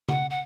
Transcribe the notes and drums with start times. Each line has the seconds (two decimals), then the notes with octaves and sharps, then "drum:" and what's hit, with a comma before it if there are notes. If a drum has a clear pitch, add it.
0.09 F#5, drum: tom C#3
0.30 F#5